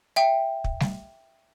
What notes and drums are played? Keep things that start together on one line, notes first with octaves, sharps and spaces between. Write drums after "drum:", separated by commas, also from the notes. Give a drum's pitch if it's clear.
E5 G5
drum: kick
drum: snare G3